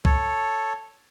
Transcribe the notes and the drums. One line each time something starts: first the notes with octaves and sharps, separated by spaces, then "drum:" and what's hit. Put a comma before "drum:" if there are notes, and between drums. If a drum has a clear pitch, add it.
A4 C#5, drum: kick B1